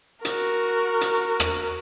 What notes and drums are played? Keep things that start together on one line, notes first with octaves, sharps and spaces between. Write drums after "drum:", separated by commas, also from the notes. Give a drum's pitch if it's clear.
F#4 A#4, drum: hi-hat
drum: hi-hat
drum: rim click